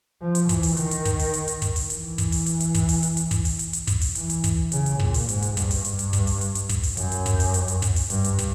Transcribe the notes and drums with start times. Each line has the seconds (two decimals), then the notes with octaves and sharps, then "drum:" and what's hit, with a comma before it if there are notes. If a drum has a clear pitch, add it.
0.21 F3
0.35 drum: hi-hat
0.49 E3, drum: kick, hi-hat
0.63 drum: open hi-hat
0.77 D#3, drum: hi-hat
0.91 drum: hi-hat
1.05 drum: kick, hi-hat
1.19 drum: open hi-hat
1.34 drum: hi-hat
1.48 drum: hi-hat
1.62 drum: kick, hi-hat
1.76 drum: open hi-hat
1.90 E3, drum: hi-hat
2.18 drum: kick, hi-hat
2.32 drum: open hi-hat
2.46 drum: hi-hat
2.60 drum: hi-hat
2.75 drum: kick, hi-hat
2.89 drum: open hi-hat
3.03 drum: hi-hat
3.17 drum: hi-hat
3.31 drum: kick, hi-hat
3.45 drum: open hi-hat
3.59 drum: hi-hat
3.73 drum: hi-hat
3.87 drum: kick, hi-hat
4.01 drum: open hi-hat
4.15 E3, drum: hi-hat
4.30 drum: hi-hat
4.44 drum: kick, hi-hat
4.72 C#3, drum: hi-hat
4.86 drum: hi-hat
5.00 A#2, drum: kick
5.14 drum: open hi-hat
5.29 G#2, drum: hi-hat
5.42 drum: hi-hat
5.57 G2, drum: kick, hi-hat
5.71 drum: open hi-hat
5.85 G2, drum: hi-hat
5.99 drum: hi-hat
6.13 drum: kick, hi-hat
6.27 drum: open hi-hat
6.41 drum: hi-hat
6.55 drum: hi-hat
6.69 drum: kick, hi-hat
6.83 drum: open hi-hat
6.97 F#2, drum: hi-hat
7.12 drum: hi-hat
7.26 drum: kick, hi-hat
7.40 drum: open hi-hat
7.54 drum: hi-hat
7.68 drum: hi-hat
7.82 drum: kick, hi-hat
7.96 drum: open hi-hat
8.10 G2, drum: hi-hat
8.24 drum: hi-hat
8.39 drum: kick, hi-hat